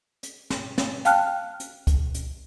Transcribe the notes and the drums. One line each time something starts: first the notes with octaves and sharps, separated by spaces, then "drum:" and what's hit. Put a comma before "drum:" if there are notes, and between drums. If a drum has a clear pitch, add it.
drum: hi-hat
drum: snare
drum: snare
F5 G5 A5 F6 F#6, drum: hi-hat
drum: hi-hat
drum: kick C#2, hi-hat
drum: hi-hat